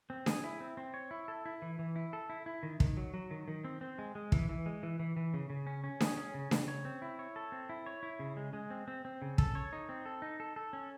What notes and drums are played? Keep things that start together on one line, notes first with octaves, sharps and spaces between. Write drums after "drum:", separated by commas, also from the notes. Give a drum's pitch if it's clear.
C4
G#4, drum: snare D4
E4
C4
C4
C#5
E4
A4
E4
E3
E3
E4
A4
E4
E4
D#3
D#3, drum: kick
F#3
F#3
D#3
D#3
C4
C4
G#3
G#3
E3, drum: kick
E3
G#3
E3
E3
E3
C#3
C#3
C#4
C#4
G#4, drum: snare D4
C#4
C#3
C#3, drum: snare D4
C#5
C4
E4
C#5
A4
C4
E4
C#5
E4
C#3
G#3
G#3
C4
C4
C4
C#3
A4, drum: kick
C#5
D#4
C4
A4
D#4
A4
A4
C#4